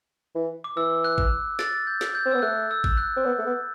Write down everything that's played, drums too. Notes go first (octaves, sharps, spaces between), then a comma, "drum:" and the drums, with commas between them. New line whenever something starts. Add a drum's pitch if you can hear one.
E3
D6
E3 E6
F#6
drum: kick G#1
A6, drum: snare
G6
drum: snare
G6
C4
B3 E6
A3 F#6
E6
drum: kick G#1
F#6
C4
B3
A3
B3